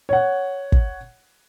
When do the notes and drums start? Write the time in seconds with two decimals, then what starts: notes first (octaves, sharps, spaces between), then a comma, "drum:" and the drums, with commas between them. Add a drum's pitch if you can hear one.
0.09 C#5 F#5
0.72 drum: kick